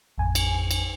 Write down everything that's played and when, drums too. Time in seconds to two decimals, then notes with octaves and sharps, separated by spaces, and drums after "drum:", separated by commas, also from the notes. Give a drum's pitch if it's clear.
0.18 A1 F2 G#5
0.35 drum: cymbal
0.71 drum: cymbal